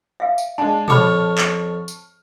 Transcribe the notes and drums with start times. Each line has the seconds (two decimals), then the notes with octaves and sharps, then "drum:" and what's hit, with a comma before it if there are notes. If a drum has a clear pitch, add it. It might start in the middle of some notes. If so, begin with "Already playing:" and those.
0.20 E5 F5
0.38 drum: tambourine
0.58 G#3 D4 A5
0.88 F2 G#4 C#5 A5 B5 C#6 F6, drum: tom A#2
1.38 drum: clap
1.88 drum: tambourine